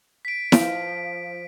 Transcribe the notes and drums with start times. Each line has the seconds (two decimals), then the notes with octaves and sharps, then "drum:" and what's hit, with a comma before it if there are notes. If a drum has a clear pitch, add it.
0.25 B6 D7
0.52 F3, drum: snare E4